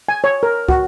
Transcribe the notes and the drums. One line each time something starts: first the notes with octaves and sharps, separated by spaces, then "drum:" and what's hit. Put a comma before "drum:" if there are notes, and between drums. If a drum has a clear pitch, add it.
G#5
C#5
A#4
F#4, drum: kick